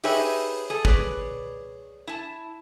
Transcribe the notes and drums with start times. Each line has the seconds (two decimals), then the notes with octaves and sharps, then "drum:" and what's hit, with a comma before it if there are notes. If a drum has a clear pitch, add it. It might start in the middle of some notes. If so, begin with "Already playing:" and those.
0.04 D#4 G4 G#4 B4 C#5 E5, drum: open hi-hat
0.70 G#4 A4
0.85 G#4 B4 C#5 D5, drum: kick
2.07 E4 A5